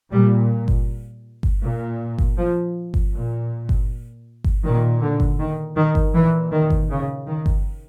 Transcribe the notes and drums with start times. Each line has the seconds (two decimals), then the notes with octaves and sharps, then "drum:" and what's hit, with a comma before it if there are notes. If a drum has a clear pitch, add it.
0.11 A#2 G3
0.68 drum: kick G1
1.43 drum: kick G1
1.62 A#2
2.18 drum: kick G1
2.37 F3
2.94 drum: kick G1
3.13 A#2
3.69 drum: kick G1
4.44 drum: kick G1
4.63 A#2 D#3
5.01 D3
5.20 drum: kick G1
5.39 D#3
5.76 D#3
5.95 drum: kick G1
6.13 A#2 E3
6.52 D#3
6.70 drum: kick G1
6.90 C#3
7.27 D#3
7.46 drum: kick G1